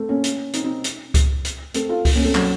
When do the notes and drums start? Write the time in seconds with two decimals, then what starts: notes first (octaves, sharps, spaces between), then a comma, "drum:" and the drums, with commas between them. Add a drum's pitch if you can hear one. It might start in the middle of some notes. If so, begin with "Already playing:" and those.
Already playing: A3 C4
0.09 A#3 C#4
0.24 drum: hi-hat
0.53 C4 D#4, drum: hi-hat
0.64 C4 D#4
0.84 drum: hi-hat
1.14 drum: kick C#2, hi-hat
1.45 drum: hi-hat
1.74 A3 C4, drum: hi-hat
1.89 F4 A4
2.05 drum: kick C#2, open hi-hat
2.15 A#3 C#4
2.25 A3 C4
2.35 F#3, drum: clap